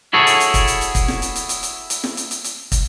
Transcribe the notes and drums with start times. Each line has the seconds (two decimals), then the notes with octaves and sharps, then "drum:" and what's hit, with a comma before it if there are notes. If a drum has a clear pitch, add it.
0.13 E4 F#4 G#4 A4 C#5
0.27 drum: hi-hat
0.40 drum: hi-hat
0.54 drum: kick, hi-hat
0.68 drum: hi-hat
0.81 drum: hi-hat
0.95 drum: kick, hi-hat
1.08 drum: snare
1.22 drum: hi-hat
1.36 drum: hi-hat
1.49 drum: hi-hat
1.63 drum: hi-hat
1.90 drum: hi-hat
2.04 drum: snare
2.17 drum: hi-hat
2.31 drum: hi-hat
2.44 drum: hi-hat
2.72 drum: kick, hi-hat